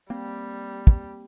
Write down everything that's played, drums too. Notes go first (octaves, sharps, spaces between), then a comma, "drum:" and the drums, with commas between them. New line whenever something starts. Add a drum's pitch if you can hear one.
G3 A#3 C4
drum: kick